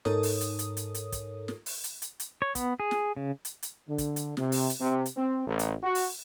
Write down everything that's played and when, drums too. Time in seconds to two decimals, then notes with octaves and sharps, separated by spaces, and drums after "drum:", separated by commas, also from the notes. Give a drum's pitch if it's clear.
0.05 G#2 D#4 A4 A#4 C#5 D#6, drum: snare
0.23 drum: open hi-hat
0.41 drum: hi-hat
0.59 drum: hi-hat
0.77 drum: hi-hat
0.94 drum: hi-hat
1.12 drum: kick, hi-hat
1.48 drum: snare
1.66 drum: open hi-hat
1.84 drum: hi-hat
2.02 drum: hi-hat
2.20 drum: hi-hat
2.42 C#5
2.55 B3, drum: kick, hi-hat
2.80 G#4
2.91 drum: snare
3.17 C#3
3.45 drum: hi-hat
3.63 drum: hi-hat
3.88 D3
3.98 drum: kick, hi-hat
4.16 drum: hi-hat
4.37 C3, drum: snare
4.52 drum: open hi-hat
4.70 drum: hi-hat
4.80 C3
5.06 drum: hi-hat
5.16 C4
5.47 A1
5.59 drum: hi-hat
5.82 F#4
5.95 drum: open hi-hat